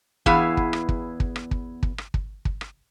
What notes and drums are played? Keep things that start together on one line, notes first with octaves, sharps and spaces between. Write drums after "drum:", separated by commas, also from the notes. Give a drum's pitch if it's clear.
E2 B3 E4 G#4 F5, drum: kick
drum: kick
drum: rim click
drum: kick
drum: kick
drum: rim click
drum: kick
drum: kick
drum: rim click
drum: kick
drum: kick
drum: rim click